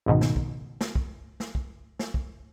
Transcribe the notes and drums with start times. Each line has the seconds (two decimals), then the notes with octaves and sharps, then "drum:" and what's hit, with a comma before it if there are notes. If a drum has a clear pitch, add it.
0.06 C#2 G#2 B2 D#3
0.21 drum: snare
0.36 drum: kick
0.81 drum: snare
0.95 drum: kick
1.40 drum: snare
1.55 drum: kick
1.99 drum: snare
2.14 drum: kick